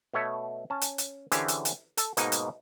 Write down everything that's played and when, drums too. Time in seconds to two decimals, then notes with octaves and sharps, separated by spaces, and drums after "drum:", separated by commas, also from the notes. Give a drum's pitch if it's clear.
0.14 B2 A3 C#5 E5
0.70 C#4 A5
0.81 drum: hi-hat
0.98 drum: hi-hat
1.32 D3 E3 C#4 G4 G#4 C5, drum: hi-hat
1.48 drum: hi-hat
1.65 drum: hi-hat
1.97 A4, drum: hi-hat
2.17 G#2 B2 A#3 D#4 D#5 F#5, drum: hi-hat
2.32 drum: hi-hat